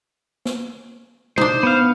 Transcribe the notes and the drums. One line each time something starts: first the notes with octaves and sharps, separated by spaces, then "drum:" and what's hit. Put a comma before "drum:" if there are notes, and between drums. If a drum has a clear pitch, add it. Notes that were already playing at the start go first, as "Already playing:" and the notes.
drum: snare A#3
D4 D#4 C5, drum: tom
B3 F5